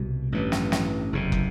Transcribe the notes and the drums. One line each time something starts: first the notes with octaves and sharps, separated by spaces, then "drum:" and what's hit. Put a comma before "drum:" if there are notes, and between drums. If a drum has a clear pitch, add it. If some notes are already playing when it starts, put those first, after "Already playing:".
Already playing: C2 B2 G3
A1 G2 E3
drum: snare
drum: snare
F#1 E2 C3
drum: kick